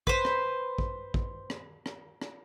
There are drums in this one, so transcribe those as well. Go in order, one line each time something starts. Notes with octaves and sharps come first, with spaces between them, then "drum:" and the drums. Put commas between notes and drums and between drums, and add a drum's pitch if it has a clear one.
B4 C5, drum: kick
drum: rim click
drum: kick
drum: kick
drum: rim click
drum: rim click
drum: rim click